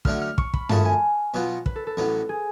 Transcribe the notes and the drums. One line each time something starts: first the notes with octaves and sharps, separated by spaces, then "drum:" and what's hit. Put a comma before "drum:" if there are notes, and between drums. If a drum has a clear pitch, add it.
D2 D3 F#3 A3 D4 F6, drum: kick
F6
C#6, drum: kick
B5, drum: kick
F#2 F3 A3 C#4 G#4 A5, drum: tom G2
G#5
B2 F#3 B3 F4
B4, drum: kick
A4
A4
A1 A2 F#3 B3
G#4